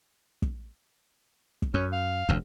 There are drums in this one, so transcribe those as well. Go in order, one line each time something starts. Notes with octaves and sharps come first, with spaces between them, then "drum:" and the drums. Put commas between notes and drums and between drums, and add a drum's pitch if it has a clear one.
drum: kick
drum: kick
F#2 C#4
F5
F1 D2